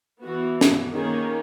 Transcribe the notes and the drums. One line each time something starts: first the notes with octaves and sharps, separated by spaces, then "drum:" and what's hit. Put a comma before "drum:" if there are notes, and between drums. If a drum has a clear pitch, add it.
E3 B3 F#4
drum: snare
D#3 A#3 C#4 G#4